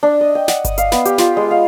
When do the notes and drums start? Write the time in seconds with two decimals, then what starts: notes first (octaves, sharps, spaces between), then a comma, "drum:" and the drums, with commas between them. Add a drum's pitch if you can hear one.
0.03 D4
0.21 D#5
0.35 G5
0.48 F#5, drum: snare
0.65 D#6, drum: kick G1, hi-hat
0.78 F5, drum: hi-hat
0.92 B3, drum: snare
1.05 G4, drum: hi-hat
1.18 F4, drum: snare
1.37 G#3
1.51 F5